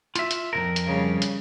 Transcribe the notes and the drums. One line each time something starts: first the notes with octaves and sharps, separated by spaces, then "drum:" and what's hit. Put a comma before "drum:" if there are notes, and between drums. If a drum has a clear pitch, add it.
F4 E5, drum: hi-hat
drum: hi-hat
F2 B2 A#4
drum: hi-hat
C#3 G3
drum: hi-hat